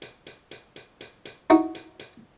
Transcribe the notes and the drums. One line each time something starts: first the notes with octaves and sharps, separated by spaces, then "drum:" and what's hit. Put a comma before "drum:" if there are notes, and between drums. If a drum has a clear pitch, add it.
drum: hi-hat
drum: hi-hat
drum: hi-hat
drum: hi-hat
drum: hi-hat
drum: hi-hat
D#4 E4 F#4, drum: hi-hat
drum: hi-hat
drum: hi-hat